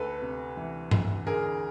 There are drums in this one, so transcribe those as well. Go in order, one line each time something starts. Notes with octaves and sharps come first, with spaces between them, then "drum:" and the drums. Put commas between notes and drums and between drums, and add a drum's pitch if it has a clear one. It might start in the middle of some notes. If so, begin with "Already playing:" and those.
Already playing: D2 A4 B4
C3
E3
D2, drum: tom G2
D3 G#4 A#4